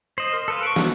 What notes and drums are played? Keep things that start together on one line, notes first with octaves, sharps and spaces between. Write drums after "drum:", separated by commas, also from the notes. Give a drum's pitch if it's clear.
C5 D#5 E7 F#7
A#4 C6
A4 B4 F5
C#6 D7
F#3 D4, drum: snare